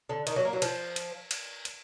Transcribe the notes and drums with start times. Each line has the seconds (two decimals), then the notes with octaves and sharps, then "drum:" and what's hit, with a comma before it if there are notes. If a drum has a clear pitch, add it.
0.09 D3
0.27 D#3, drum: cymbal
0.36 F#3
0.45 A#3
0.53 F#3
0.62 F3, drum: cymbal
0.96 drum: cymbal
1.31 drum: cymbal
1.65 drum: cymbal